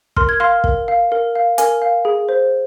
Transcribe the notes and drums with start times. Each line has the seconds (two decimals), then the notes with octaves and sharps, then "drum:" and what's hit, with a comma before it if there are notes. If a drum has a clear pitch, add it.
0.16 A#4 C6 F6, drum: kick
0.29 G#6
0.40 F5 C6 F6
0.64 A#4, drum: kick
0.88 F5
1.12 A#4
1.35 F5
1.58 A#4 G#5, drum: hi-hat
1.82 F5
2.05 G#4
2.29 C5